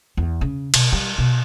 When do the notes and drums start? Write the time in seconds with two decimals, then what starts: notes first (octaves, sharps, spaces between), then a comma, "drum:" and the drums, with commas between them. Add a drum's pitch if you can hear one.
0.17 E2
0.41 C#3
0.74 B2, drum: cymbal
0.92 G3
1.18 B2